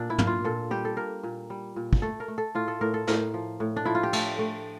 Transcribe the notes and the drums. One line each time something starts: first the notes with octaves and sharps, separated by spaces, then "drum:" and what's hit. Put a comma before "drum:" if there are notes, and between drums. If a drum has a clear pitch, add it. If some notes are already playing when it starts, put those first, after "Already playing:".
Already playing: A#2 D4
E4
A#3, drum: tom
F4
A#2 A4
G3 G4
A4
A#3 A#4
A#2
G3
A#2
drum: kick
A3 A4
A#4
A3
A4
A2 F4
A4
A2 A#4
A4
A2 A#4, drum: snare
F3
A2
D4
F3 E4
F4
G4
A3 A4, drum: cymbal
A3